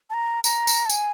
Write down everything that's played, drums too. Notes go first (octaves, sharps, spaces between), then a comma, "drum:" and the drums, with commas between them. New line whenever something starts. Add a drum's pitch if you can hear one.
A5
A#5
A#5, drum: tambourine
drum: tambourine
A5
G#5, drum: tambourine